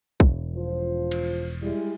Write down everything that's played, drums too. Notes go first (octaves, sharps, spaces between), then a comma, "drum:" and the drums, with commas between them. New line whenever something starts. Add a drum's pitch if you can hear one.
E1, drum: kick B1
F3 F4 C5
drum: cymbal
G3 G#3 E4